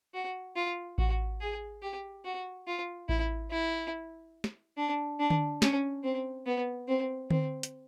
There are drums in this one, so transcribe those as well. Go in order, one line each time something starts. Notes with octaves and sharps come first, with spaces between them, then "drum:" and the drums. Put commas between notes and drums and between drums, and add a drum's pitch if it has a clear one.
F#4
F4
F#4, drum: kick A1
G#4
G4
F#4
F4
E4, drum: kick A1
E4
drum: snare
D4
D4
drum: tom D3
C#4, drum: snare
C4
B3
C4
C4, drum: tom D3
drum: hi-hat